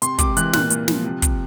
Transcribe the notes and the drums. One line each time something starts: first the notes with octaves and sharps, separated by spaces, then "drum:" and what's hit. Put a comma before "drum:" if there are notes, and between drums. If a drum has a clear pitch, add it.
C3 C6, drum: hi-hat
C3 D6, drum: kick, hi-hat
E3 F#6, drum: hi-hat
A#2 F#6, drum: snare
A#2, drum: hi-hat
F3, drum: snare
C3
C3, drum: kick, hi-hat